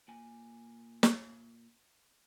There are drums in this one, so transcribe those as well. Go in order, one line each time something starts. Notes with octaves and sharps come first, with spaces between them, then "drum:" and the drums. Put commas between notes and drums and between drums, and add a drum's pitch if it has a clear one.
A#2 G#5
drum: snare